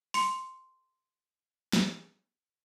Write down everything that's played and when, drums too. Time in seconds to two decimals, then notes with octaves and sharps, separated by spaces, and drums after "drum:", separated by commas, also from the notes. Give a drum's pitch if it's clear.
0.14 C6 C#7, drum: open hi-hat
1.73 drum: snare